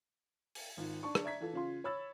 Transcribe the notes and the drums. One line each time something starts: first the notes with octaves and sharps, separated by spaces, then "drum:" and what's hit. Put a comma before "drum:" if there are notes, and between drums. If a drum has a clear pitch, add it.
drum: open hi-hat
G#1 F4
D4 A5 C#6
drum: rim click
D5 E5 A#5 G#6 B6
E3 F4 A4
C#3 F4 C6
C#5 B5 E6 A6